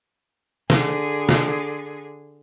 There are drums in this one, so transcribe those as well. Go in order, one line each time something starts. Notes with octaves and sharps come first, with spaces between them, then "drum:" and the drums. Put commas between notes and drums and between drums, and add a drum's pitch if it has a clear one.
D3 G#4, drum: snare
drum: snare